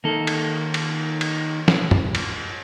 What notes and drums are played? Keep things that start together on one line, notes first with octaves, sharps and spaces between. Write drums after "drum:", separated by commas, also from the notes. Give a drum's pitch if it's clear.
D#3 A#3 A4
drum: cymbal
drum: cymbal
drum: cymbal
drum: snare
drum: tom
drum: cymbal